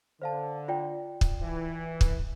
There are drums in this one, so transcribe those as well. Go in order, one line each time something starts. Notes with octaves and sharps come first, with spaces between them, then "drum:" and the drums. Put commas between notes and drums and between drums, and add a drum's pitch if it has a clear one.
D3 C5 F5 A5
F4 D5 G5
drum: kick
E3
drum: kick